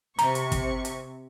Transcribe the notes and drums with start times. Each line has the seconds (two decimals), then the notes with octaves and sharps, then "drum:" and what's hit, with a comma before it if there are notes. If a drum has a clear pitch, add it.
0.19 C3 A#5 C#6, drum: hi-hat
0.35 drum: hi-hat
0.52 drum: kick, hi-hat
0.85 drum: hi-hat